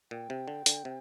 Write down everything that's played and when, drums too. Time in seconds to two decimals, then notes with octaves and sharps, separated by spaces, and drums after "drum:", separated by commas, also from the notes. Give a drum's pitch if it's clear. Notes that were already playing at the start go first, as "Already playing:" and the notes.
0.11 A#2 G5
0.30 C3
0.48 D3
0.66 D3, drum: hi-hat
0.85 C3